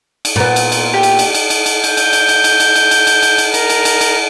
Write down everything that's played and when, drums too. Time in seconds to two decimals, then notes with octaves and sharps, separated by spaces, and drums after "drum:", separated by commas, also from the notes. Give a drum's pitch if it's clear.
0.25 drum: cymbal
0.36 A#2 B3
0.56 drum: cymbal
0.72 drum: cymbal
0.94 G4
1.03 drum: cymbal
1.19 drum: cymbal
1.34 drum: cymbal
1.50 drum: cymbal
1.66 drum: cymbal
1.84 G6, drum: cymbal
1.97 drum: cymbal
2.13 drum: cymbal
2.29 drum: cymbal
2.44 drum: cymbal
2.60 drum: cymbal
2.76 drum: cymbal
2.91 drum: cymbal
3.07 drum: cymbal
3.23 drum: cymbal
3.38 drum: cymbal
3.54 A#4, drum: cymbal
3.70 drum: cymbal
3.85 drum: cymbal
4.01 drum: cymbal